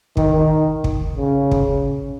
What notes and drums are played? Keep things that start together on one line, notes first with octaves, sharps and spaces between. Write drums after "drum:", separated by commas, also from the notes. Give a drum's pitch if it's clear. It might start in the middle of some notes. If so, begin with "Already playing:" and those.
D#3, drum: kick
drum: kick
C#3
drum: kick